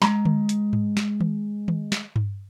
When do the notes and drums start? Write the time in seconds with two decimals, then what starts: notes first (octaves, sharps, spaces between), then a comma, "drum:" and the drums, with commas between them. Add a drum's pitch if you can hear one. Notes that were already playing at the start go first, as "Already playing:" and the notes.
0.02 G#3 A#5, drum: snare
0.25 drum: tom D3
0.49 drum: hi-hat
0.73 drum: tom G#2
0.97 drum: snare
1.20 drum: tom D#3
1.68 drum: tom D#3
1.92 drum: snare
2.16 drum: tom G2